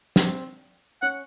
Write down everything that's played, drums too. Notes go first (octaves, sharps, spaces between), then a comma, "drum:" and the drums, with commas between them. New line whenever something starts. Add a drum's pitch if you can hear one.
C4, drum: snare
C#4 F#5